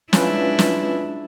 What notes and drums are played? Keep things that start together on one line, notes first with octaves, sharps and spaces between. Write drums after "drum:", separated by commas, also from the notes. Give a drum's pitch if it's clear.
G#3 C#4 D4 E4 F4 B4, drum: snare
drum: snare